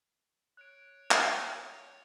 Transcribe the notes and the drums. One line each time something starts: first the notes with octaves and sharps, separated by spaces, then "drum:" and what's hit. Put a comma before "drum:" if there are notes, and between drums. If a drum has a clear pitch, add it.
C#5 F#6 D7
drum: clap